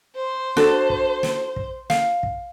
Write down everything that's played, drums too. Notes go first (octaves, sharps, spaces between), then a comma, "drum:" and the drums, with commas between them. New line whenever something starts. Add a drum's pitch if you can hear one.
C5
D4 F#4 A4, drum: snare
drum: kick
drum: snare
drum: kick
F5, drum: snare
drum: kick